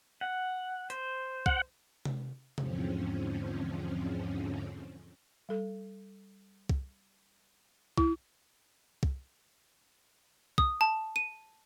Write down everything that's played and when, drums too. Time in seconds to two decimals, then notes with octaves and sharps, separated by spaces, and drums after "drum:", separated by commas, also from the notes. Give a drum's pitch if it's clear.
0.21 F#5
0.90 C5, drum: hi-hat
1.46 F#5, drum: kick
2.05 drum: tom C3
2.58 E2 G#2 D3 F3 C4 C#4, drum: tom C3
5.49 G3 A4
6.69 drum: kick
7.98 E4, drum: kick
9.03 drum: kick
10.58 D#6, drum: kick
10.81 A5
11.16 D#7